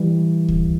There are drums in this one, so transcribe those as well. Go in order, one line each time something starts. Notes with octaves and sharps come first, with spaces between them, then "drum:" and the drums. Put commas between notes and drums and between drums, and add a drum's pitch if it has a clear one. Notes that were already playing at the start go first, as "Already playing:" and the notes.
Already playing: E3 G3
drum: kick C#2